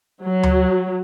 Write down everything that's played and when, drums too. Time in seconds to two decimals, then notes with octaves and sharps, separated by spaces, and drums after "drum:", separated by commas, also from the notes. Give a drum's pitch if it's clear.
0.25 F#3
0.43 drum: tom D2